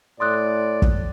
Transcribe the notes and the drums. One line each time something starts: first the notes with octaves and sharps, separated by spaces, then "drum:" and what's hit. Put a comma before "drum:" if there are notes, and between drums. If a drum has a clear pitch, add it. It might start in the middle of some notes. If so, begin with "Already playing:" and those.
A2 D5 C6 D#6 F#6
drum: kick